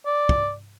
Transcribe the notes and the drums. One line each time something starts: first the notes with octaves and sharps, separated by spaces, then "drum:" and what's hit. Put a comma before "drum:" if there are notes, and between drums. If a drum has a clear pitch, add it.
D5
drum: kick